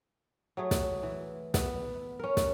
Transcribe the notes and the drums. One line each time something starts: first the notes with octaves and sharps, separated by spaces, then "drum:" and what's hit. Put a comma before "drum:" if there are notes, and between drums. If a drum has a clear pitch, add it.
F#3 A3 G#4
drum: snare
E3
B3, drum: snare
C#4 A#4
drum: snare